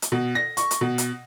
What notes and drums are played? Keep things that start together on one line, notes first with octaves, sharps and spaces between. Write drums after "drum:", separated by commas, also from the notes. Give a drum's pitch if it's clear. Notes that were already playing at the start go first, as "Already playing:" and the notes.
drum: hi-hat
B2
A#6
C#6, drum: hi-hat
drum: hi-hat
B2
drum: hi-hat